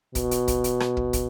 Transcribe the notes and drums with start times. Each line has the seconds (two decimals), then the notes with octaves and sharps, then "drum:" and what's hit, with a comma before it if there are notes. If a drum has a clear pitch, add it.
0.15 B2, drum: kick, hi-hat
0.31 drum: hi-hat
0.48 drum: kick, hi-hat
0.64 drum: hi-hat
0.80 drum: rim click
0.97 drum: kick
1.13 drum: kick, hi-hat